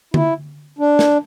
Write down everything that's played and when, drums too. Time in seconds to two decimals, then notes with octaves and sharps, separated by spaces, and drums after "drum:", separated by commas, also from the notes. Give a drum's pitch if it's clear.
0.14 E4, drum: tom D3
0.79 D4
0.99 drum: snare